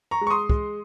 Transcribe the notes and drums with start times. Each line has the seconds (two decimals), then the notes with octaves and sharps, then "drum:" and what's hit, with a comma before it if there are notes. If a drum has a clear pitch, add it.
0.11 A#5 C#6
0.21 G#3
0.27 C#6
0.30 C6 D#6
0.50 G#3, drum: kick